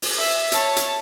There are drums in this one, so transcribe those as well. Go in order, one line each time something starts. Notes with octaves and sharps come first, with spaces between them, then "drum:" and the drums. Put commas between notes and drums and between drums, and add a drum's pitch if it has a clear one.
drum: open hi-hat
E5
C#5 A5, drum: hi-hat
drum: hi-hat